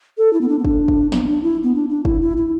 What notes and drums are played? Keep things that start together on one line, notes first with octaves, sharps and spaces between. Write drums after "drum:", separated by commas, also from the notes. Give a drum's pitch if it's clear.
A4
E4
B3
D4
B3
D4, drum: kick
drum: kick
B3, drum: snare
B3
D4
E4
B3
D4
D4
E4, drum: kick
E4
E4